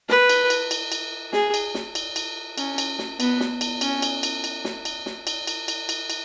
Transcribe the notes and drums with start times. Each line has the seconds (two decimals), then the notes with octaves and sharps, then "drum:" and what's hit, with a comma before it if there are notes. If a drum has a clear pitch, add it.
0.09 B4, drum: snare
0.29 drum: cymbal
0.50 drum: cymbal
0.71 drum: cymbal
0.92 drum: cymbal
1.33 G#4, drum: snare
1.54 drum: cymbal
1.75 drum: snare
1.95 drum: cymbal
2.16 drum: cymbal
2.58 C#4, drum: cymbal
2.78 drum: cymbal
2.99 drum: snare
3.20 B3, drum: cymbal
3.40 drum: snare
3.61 drum: cymbal
3.81 C#4, drum: cymbal
4.02 drum: cymbal
4.23 drum: cymbal
4.44 drum: cymbal
4.65 drum: snare
4.85 drum: cymbal
5.06 drum: snare
5.27 drum: cymbal
5.47 drum: cymbal
5.68 drum: cymbal
5.89 drum: cymbal
6.10 drum: cymbal